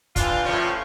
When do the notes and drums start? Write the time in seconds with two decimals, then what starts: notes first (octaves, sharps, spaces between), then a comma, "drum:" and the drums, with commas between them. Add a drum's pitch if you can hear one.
0.16 E3 G3 D4 F4, drum: kick, hi-hat
0.43 A2 F3 C#4